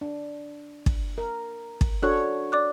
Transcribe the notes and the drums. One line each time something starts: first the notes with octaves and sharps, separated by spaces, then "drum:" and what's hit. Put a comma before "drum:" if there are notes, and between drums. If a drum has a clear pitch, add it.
D4
drum: kick
A#4
drum: kick
D4 F#4 A4 C#5 F#6
D5 D6 F#6